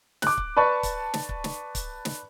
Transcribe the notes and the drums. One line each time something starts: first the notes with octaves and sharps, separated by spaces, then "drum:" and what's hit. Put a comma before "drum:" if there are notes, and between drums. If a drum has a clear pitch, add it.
D6 F#6, drum: snare
drum: kick C#1
B4 D5 A5 C#6
drum: kick C#1, hi-hat
drum: snare
drum: kick C#1
drum: snare
drum: kick C#1, hi-hat
drum: snare